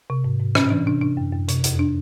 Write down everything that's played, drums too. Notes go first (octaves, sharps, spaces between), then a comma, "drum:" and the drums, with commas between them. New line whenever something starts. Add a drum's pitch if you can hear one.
C3
G#2
G#2
A2 C#4, drum: rim click
E3 D4
C3 D4
C3 D4
F#2
F#2
C3, drum: hi-hat
F2, drum: hi-hat
D4